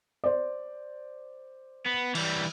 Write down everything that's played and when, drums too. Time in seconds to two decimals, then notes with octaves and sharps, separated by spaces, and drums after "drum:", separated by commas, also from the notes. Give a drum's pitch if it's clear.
0.24 C5 D5
1.86 B3
2.15 E3 G3, drum: cymbal